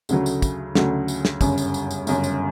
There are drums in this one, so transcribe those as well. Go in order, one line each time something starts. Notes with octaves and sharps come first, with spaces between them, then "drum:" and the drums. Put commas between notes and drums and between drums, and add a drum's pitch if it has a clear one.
D2 C#3 F#3 A3, drum: tambourine
drum: tambourine
drum: kick, tambourine
D2 C#3 F#3 A3, drum: snare
drum: tambourine
drum: snare
G1 F#2 C#3, drum: kick, tambourine
drum: tambourine
drum: tambourine
drum: tambourine
G1 F#2 C#3, drum: tambourine
drum: tambourine